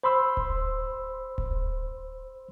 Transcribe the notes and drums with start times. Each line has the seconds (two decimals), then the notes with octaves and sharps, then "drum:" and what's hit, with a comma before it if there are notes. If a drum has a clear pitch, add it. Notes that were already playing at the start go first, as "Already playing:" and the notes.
0.03 C5 B5 C6 E6
0.37 drum: kick D1
1.38 drum: kick D1